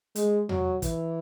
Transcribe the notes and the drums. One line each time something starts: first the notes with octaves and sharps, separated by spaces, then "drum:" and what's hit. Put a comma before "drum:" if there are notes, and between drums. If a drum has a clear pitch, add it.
G#3, drum: hi-hat
F#3, drum: tom E2
E3, drum: kick, hi-hat